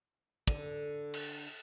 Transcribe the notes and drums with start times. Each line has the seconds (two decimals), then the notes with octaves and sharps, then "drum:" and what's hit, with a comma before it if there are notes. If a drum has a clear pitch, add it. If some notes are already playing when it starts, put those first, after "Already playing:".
0.48 D3, drum: kick
1.14 drum: cymbal